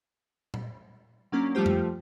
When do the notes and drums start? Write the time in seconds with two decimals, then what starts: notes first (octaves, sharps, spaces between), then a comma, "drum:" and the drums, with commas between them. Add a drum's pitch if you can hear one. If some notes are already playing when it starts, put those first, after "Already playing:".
0.54 drum: tom A#2
1.32 F#3 A#3 C#4 D4
1.55 F3 G3 A3 F4 G4 C5
1.66 drum: tom F2